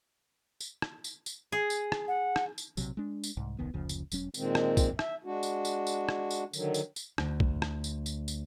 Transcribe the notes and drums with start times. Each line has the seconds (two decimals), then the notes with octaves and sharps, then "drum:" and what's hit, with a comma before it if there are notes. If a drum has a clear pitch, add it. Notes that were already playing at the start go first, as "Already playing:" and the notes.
0.60 drum: tambourine
0.82 drum: rim click
1.04 drum: tambourine
1.26 drum: tambourine
1.52 G#4
1.70 drum: tambourine
1.92 drum: rim click
2.08 F#5
2.36 drum: rim click
2.58 drum: tambourine
2.77 A#1 C3 F#3, drum: tambourine
2.97 G#3 D4
3.24 drum: tambourine
3.37 C2 G#2
3.59 E1 C2 D#3 B3
3.74 F#1 D2 C#3 F3
3.89 drum: tambourine
4.12 E1 F#3 C#4, drum: tambourine
4.34 A#2 D#3 G#3 C4, drum: tambourine
4.55 drum: rim click
4.77 drum: kick, tambourine
4.99 E5, drum: rim click
5.25 G#3 D4 F#4
5.43 drum: tambourine
5.65 drum: tambourine
5.87 drum: tambourine
6.09 drum: rim click
6.31 drum: tambourine
6.53 D3 D#3 F#3, drum: tambourine
6.74 drum: tambourine
6.96 drum: tambourine
7.18 D2, drum: rim click
7.40 drum: kick
7.62 drum: rim click
7.84 drum: tambourine
8.06 drum: tambourine
8.28 drum: tambourine